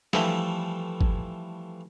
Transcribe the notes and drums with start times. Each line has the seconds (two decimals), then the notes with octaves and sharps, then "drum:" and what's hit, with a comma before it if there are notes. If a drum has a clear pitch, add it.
0.13 E3 F3 G3 A3, drum: snare
1.01 drum: kick G#1